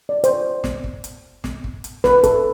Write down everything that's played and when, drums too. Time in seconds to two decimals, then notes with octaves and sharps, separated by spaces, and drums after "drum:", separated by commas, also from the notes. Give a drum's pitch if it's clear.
0.09 D5
0.24 C5, drum: hi-hat
0.64 drum: snare
0.84 drum: kick
1.04 drum: hi-hat
1.44 drum: snare
1.64 drum: kick
1.84 drum: hi-hat
2.04 B4, drum: snare
2.24 A4, drum: kick, hi-hat